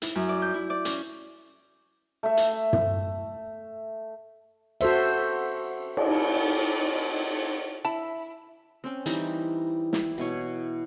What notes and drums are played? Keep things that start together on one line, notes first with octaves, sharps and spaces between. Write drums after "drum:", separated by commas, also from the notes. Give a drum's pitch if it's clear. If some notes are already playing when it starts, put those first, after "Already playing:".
E4, drum: hi-hat
F#2
D5
G6
E4
D5
C#4, drum: hi-hat
A3 E5
drum: hi-hat
drum: tom
F#4 A4 C5 E5, drum: cymbal
drum: cymbal
E4 A5
C4 C#4
E3 G3 C4 D#4, drum: hi-hat
E4, drum: snare
B2 E4 C#5